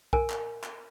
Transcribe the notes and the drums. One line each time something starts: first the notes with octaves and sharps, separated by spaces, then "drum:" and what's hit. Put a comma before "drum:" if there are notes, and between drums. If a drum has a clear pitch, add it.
A#4 G#5, drum: kick B1
drum: clap
drum: clap